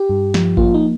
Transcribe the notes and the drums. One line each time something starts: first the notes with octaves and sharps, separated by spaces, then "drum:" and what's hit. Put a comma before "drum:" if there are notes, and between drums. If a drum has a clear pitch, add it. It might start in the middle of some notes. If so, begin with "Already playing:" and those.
Already playing: G4
G2
F3, drum: snare
A#3 F4, drum: kick G#1
D#4